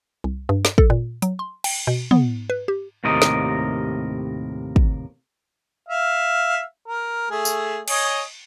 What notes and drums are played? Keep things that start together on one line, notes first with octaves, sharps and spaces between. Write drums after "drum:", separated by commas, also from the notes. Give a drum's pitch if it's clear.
C2
G2
drum: snare
A4, drum: kick
A#2
F#3, drum: hi-hat
C6
G5, drum: cymbal
B2
B3, drum: tom
B4
G4
D#2 A2 C3 A#4 D#5
drum: snare
drum: kick
E5 F5
A#4
A3 G#4
drum: tambourine
C#5 D#5 G#5, drum: cymbal